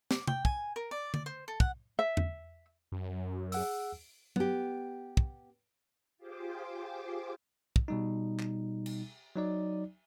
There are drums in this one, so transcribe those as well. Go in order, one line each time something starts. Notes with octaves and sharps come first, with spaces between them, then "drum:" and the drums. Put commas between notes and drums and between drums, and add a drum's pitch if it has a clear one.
D6, drum: snare
G5, drum: tom C3
G#5, drum: kick
A#4
D5
D5, drum: tom D3
C5
A4
F#5, drum: kick
E5
drum: tom E2
F#2
G#4 F#5 E6, drum: open hi-hat
B3 G4, drum: tom F#3
drum: kick
F4 G4 G#4 C5 D6
drum: kick
B2 G3 D#4
drum: clap
drum: cymbal
F#3 D#4 D5